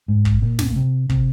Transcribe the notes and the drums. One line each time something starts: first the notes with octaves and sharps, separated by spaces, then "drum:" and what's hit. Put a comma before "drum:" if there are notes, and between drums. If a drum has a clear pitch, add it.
G#2
drum: kick
A#2
drum: snare
C3
C3, drum: kick